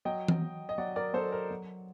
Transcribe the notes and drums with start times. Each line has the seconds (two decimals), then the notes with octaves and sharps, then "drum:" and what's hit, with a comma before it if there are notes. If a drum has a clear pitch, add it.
0.05 F#3 D#5 G5
0.28 drum: tom E3
0.42 F#3
0.69 D#5
0.78 F#3 D5 F#5
0.96 A#4 D5
1.14 F#3 A4 C5
1.32 A#4
1.50 F#3